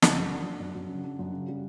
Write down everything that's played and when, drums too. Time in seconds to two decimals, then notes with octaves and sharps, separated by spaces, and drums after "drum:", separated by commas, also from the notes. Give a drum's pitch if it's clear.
0.02 C#3 F#5, drum: snare
0.17 F#2
0.32 D4
0.46 D4
0.60 F#2
0.75 F#2
0.89 C#3
1.04 D4
1.19 F#2
1.33 C#3
1.48 G3